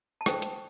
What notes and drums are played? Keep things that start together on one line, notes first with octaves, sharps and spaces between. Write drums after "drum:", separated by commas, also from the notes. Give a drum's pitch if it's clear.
A5
D4 A4 C5 G5, drum: rim click
drum: hi-hat